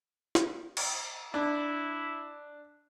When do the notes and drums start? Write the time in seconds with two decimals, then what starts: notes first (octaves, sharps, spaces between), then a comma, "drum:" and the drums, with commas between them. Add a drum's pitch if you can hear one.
0.35 drum: snare
0.77 drum: cymbal
1.34 D4 E4